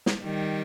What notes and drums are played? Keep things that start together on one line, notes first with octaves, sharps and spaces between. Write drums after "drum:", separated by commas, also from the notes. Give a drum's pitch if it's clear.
drum: snare
D#3 G3